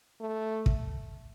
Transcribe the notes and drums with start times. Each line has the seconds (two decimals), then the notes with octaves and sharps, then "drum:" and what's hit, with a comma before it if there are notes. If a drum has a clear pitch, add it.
0.21 A3
0.66 drum: kick